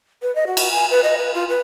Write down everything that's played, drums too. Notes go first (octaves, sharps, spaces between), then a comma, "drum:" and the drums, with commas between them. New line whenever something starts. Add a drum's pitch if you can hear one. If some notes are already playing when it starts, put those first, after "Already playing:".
B4
D#5
F#4
drum: cymbal
G#5
B4
D#5
B4
F4
B4